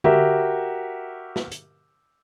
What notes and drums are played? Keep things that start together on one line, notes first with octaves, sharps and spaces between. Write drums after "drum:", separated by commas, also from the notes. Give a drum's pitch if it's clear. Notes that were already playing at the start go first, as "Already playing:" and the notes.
F#4 G4 A#4 E5, drum: tom D3
drum: snare
drum: hi-hat